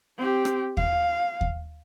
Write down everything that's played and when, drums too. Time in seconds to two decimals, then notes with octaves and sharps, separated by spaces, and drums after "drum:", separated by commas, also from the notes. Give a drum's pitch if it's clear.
0.18 C4 G4
0.45 drum: rim click
0.77 F5, drum: kick D#2
1.41 drum: kick D#2